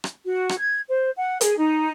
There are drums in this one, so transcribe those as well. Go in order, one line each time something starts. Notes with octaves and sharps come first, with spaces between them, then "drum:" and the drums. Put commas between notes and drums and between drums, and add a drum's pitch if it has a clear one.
drum: rim click
F#4
drum: rim click
G#6
C5
F#5
G#4, drum: hi-hat
D#4